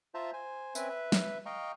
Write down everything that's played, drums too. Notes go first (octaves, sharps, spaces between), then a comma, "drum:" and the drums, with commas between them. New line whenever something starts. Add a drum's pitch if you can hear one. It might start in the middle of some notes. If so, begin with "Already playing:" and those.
F4 C5 E5 A5 A#5
C5 G#5
C4 C#4 B4 E5 G#5, drum: tambourine
B4 E5
drum: snare
D#5 F5 G5 A#5 C#6